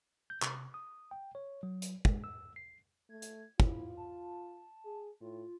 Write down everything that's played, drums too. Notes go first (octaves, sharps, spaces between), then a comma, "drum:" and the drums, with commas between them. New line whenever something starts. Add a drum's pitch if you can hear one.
G6
C3, drum: clap
D#6
G5
C#5
F#3
drum: hi-hat
G#3, drum: kick
E6
C7
A3 G#6
drum: hi-hat
E4 F4, drum: kick
A5
G#4
A2 F4